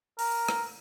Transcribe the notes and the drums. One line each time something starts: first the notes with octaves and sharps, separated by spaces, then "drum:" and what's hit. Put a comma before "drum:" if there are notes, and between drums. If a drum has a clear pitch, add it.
A#4, drum: open hi-hat
drum: rim click